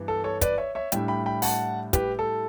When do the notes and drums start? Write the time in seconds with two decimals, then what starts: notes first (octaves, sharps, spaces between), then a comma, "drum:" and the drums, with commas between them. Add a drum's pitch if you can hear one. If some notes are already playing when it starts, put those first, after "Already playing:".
Already playing: G2 E3 B3
0.08 A4
0.24 A4 C#5
0.41 B4 D5, drum: kick, hi-hat
0.58 C#5 E5
0.75 C#5 E5
0.92 A2 G3 D4 E5 G5, drum: hi-hat
1.08 G5 B5
1.26 G5 B5
1.42 F#5 A5, drum: open hi-hat
1.93 G4 B4, drum: kick, hi-hat
2.19 A4